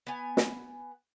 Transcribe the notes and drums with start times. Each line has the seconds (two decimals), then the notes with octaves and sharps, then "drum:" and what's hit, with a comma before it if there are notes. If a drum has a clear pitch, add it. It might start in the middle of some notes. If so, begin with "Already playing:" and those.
0.07 B3 G#5
0.37 drum: snare